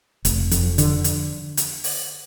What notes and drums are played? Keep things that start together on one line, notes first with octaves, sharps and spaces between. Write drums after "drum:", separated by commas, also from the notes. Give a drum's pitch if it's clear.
F1, drum: hi-hat
F2, drum: hi-hat
D3, drum: hi-hat
drum: hi-hat
drum: hi-hat
drum: open hi-hat